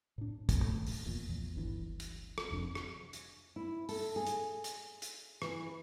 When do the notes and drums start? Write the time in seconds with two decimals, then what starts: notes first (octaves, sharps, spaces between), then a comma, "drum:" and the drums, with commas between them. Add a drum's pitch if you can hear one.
0.18 A2 D4
0.49 drum: kick, hi-hat
0.58 D#1 B2 A3
0.87 drum: open hi-hat
1.06 F1 E2 A#2
1.28 A#1 E2
1.55 D1 G1 D3 E3
2.00 drum: hi-hat
2.38 drum: rim click
2.51 F1 F2 D4
2.75 drum: rim click
3.13 drum: hi-hat
3.56 E4
3.89 A4, drum: open hi-hat
4.16 G#4
4.27 drum: hi-hat
4.64 drum: hi-hat
5.02 drum: hi-hat
5.42 E3, drum: rim click